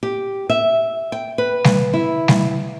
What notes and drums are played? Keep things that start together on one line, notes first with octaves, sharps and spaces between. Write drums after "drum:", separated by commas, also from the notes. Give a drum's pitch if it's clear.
G4
E5
G5
B4
drum: snare G3
E4
drum: snare G3